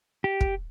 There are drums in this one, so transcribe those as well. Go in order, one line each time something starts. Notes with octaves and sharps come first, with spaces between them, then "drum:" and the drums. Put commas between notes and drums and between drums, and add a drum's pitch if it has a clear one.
G4
drum: kick